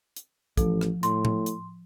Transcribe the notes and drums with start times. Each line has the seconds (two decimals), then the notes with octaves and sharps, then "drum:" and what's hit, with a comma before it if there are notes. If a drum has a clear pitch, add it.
0.16 drum: hi-hat
0.57 A1 F3 A4, drum: kick, hi-hat
0.81 drum: rim click
1.03 A2 C6, drum: hi-hat
1.25 drum: tom A2
1.46 drum: hi-hat